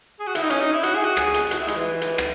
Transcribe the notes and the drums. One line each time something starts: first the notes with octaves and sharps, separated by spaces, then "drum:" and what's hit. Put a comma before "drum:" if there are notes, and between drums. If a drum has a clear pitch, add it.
G#4
F#4
E4, drum: hi-hat
D#4
C#4, drum: hi-hat
D#4
E4
F#4, drum: hi-hat
G#4
F#4
G#4, drum: rim click
drum: hi-hat
F#4, drum: hi-hat
E4
G#3, drum: hi-hat
E3
drum: hi-hat
drum: rim click